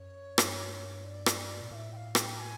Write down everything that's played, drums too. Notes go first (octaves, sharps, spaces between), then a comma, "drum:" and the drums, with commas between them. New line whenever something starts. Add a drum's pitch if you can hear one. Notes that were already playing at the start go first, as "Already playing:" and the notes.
Already playing: F#2 C#5
G2, drum: rim click
D5
drum: rim click
A#2
A2 E5 F5
G5
F5
G5, drum: rim click
A5
G#5